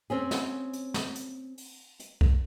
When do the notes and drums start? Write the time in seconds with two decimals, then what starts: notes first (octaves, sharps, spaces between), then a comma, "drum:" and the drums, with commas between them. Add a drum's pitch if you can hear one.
0.10 C4 C#4 G#4
0.31 drum: snare
0.73 drum: hi-hat
0.94 drum: snare
1.15 drum: hi-hat
1.58 drum: open hi-hat
2.00 drum: hi-hat
2.21 drum: kick B1